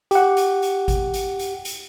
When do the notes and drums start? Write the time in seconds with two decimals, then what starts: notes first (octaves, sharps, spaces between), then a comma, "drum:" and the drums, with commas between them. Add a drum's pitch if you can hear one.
0.11 G4 F#5, drum: hi-hat
0.37 drum: hi-hat
0.62 drum: hi-hat
0.88 drum: kick G#1, hi-hat
1.14 drum: hi-hat
1.39 drum: hi-hat
1.65 drum: hi-hat